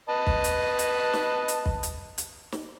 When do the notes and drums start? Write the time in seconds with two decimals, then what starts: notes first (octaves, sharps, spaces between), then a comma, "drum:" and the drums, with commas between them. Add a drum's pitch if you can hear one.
0.09 B4 D#5 A5
0.27 drum: kick
0.44 drum: hi-hat
0.79 drum: hi-hat
1.13 drum: snare
1.48 drum: hi-hat
1.66 drum: kick
1.83 drum: hi-hat
2.18 drum: hi-hat
2.52 drum: snare